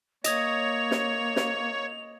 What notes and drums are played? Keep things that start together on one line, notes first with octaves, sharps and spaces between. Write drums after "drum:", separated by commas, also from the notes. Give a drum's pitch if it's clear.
A#3 C#5 D#5 D#6 G#6 F7, drum: hi-hat
drum: snare
drum: snare